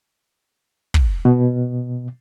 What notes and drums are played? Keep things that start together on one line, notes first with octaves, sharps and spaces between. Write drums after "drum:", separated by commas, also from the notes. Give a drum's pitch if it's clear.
drum: kick
B2